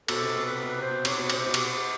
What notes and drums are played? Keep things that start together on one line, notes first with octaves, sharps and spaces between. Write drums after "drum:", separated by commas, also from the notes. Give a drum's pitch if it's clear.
B2 A4, drum: cymbal
C3
B2
C3 B4
B2
B4
C3 C5
B2
C3 C#5, drum: cymbal
B2
C3 C5, drum: cymbal
B2
G4, drum: cymbal
G4